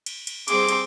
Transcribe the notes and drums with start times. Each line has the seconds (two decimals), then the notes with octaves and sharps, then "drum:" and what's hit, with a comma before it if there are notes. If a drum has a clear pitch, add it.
0.06 drum: cymbal
0.27 drum: cymbal
0.48 G3 C4 G#4 C6 D6, drum: cymbal
0.69 drum: cymbal